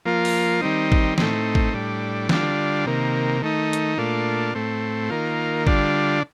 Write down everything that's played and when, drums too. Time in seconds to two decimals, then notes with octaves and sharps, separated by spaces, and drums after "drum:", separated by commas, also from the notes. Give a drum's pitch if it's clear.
0.05 F3 A#3 F4
0.25 drum: open hi-hat
0.61 D#3 G3 C4 D#4
0.92 drum: kick
1.18 A2 A3 C4 D#4, drum: snare
1.55 drum: kick
1.73 A2 G3 D4
2.29 D3 G3 D4 F4, drum: snare
2.86 C3 D#3 A#3
3.42 D#3 A3 D#4
3.73 drum: hi-hat
3.97 A#2 A3 D4 F4
4.55 A2 A3 C4
5.10 D#3 A#3 F4
5.67 D3 G3 D4 F4, drum: kick